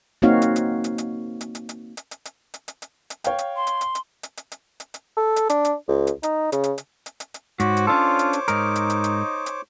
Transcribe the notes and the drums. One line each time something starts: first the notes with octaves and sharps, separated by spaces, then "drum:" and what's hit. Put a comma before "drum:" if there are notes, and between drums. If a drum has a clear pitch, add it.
A#3 C4 D#4 F#4 C#5 F5
drum: hi-hat
drum: hi-hat
drum: hi-hat
drum: hi-hat
drum: hi-hat
drum: hi-hat
drum: hi-hat
drum: hi-hat
drum: hi-hat
drum: hi-hat
drum: hi-hat
drum: hi-hat
drum: hi-hat
drum: hi-hat
C#5 F5 G5, drum: hi-hat
drum: hi-hat
C6
drum: hi-hat
drum: hi-hat
drum: hi-hat
drum: hi-hat
drum: hi-hat
drum: hi-hat
drum: hi-hat
drum: hi-hat
A4
drum: hi-hat
D4, drum: hi-hat
drum: hi-hat
C#2
drum: hi-hat
D#4, drum: hi-hat
C#3, drum: hi-hat
drum: hi-hat
drum: hi-hat
drum: hi-hat
drum: hi-hat
drum: hi-hat
G#2 F#4 C5 C#5 D6, drum: hi-hat
drum: hi-hat
C#4 D4 F4 A4
drum: hi-hat
drum: hi-hat
G#2 D#4 A#4, drum: hi-hat
drum: hi-hat
drum: hi-hat
drum: hi-hat
drum: hi-hat